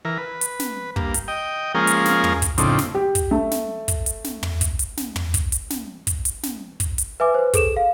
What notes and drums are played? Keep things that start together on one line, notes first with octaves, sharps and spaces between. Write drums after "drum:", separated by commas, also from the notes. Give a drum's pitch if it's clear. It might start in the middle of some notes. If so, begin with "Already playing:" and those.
E3 A#4
B4
drum: hi-hat
drum: snare
G2 A#3, drum: kick
drum: hi-hat
D#5 G5
F3 G#3 A#3 C#4 G#4 A#4
drum: hi-hat
drum: snare
drum: tom
drum: kick, hi-hat
F2 A2 C#3 C4 D4 D#4, drum: hi-hat
drum: snare
G4
drum: kick, hi-hat
A3
drum: snare
drum: kick, hi-hat
drum: hi-hat
drum: snare
drum: tom
drum: kick, hi-hat
drum: hi-hat
drum: snare
drum: tom
drum: kick, hi-hat
drum: hi-hat
drum: snare
drum: kick, hi-hat
drum: hi-hat
drum: snare
drum: kick, hi-hat
drum: hi-hat
B4 E5 G#5 D6
B4 C5
G#4 A4 E7, drum: kick, hi-hat
F5